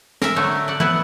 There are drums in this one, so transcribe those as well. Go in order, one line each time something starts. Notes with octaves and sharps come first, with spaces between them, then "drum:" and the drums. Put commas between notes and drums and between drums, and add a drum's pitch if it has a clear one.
A#4 E5, drum: snare
D3 F#3 A3
D5 F#5
B3 E4, drum: tom